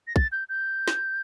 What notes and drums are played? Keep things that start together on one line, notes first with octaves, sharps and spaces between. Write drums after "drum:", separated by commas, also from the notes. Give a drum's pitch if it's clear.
A#6
A6, drum: kick
G6
G6
drum: snare